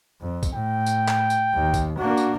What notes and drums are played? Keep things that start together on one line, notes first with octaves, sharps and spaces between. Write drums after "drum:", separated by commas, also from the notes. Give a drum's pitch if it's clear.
F2
drum: kick, tambourine
A2 G5
drum: tambourine
drum: clap
drum: tambourine
D#2
drum: kick, tambourine
A#3 D4 F#4
drum: tambourine